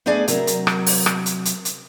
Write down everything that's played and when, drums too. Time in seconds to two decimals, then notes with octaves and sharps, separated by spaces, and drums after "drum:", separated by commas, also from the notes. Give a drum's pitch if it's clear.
0.06 A3 B3 D4 G#4 D5 G#5
0.28 C3 F#3 A#4, drum: hi-hat
0.47 drum: hi-hat
0.67 drum: rim click
0.86 drum: open hi-hat
1.06 drum: rim click
1.26 drum: hi-hat
1.45 drum: hi-hat
1.65 drum: hi-hat